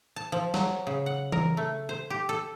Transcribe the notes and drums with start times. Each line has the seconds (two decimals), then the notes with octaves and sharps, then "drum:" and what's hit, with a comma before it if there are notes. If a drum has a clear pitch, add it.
0.16 A5
0.32 F3
0.54 F#3, drum: snare
0.87 C#3
1.06 F#5
1.32 A#4, drum: tom E3
1.57 A3
1.89 C5
2.10 G4
2.29 A4